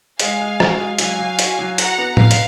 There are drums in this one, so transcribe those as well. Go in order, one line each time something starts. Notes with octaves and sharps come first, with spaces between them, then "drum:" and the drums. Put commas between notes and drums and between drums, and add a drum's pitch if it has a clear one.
G#3 F5 G#5, drum: hi-hat
G#3
F#4, drum: rim click
G#3
F#3 F5 G#5, drum: hi-hat
F#3
F#4, drum: hi-hat
F#3
F#4 F#5 A#5, drum: hi-hat
B3
B3 F5, drum: tom
drum: hi-hat